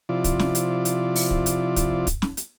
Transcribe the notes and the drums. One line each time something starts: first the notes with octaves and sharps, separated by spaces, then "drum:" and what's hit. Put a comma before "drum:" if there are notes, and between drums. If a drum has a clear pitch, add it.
C3 F3 E4 F4 D5
drum: kick, hi-hat
drum: snare
drum: hi-hat
drum: hi-hat
drum: open hi-hat
drum: kick
drum: hi-hat
drum: kick, hi-hat
drum: kick, hi-hat
drum: snare
drum: hi-hat